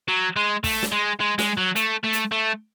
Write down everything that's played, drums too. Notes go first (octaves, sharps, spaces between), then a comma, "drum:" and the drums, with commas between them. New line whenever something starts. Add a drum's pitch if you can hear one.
F#3
G#3
A3, drum: kick, open hi-hat
drum: snare
G#3
G#3
G#3, drum: snare
F#3
A3, drum: hi-hat
A3
drum: hi-hat
A3